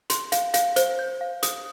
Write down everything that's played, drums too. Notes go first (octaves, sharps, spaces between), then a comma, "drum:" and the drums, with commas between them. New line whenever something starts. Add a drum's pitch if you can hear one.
C6, drum: hi-hat
F5, drum: hi-hat
F5, drum: hi-hat
C5, drum: hi-hat
G6
F5
D#6, drum: hi-hat